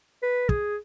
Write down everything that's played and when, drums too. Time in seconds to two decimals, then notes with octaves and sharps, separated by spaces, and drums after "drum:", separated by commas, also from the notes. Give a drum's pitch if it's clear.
0.23 B4
0.49 G#4, drum: kick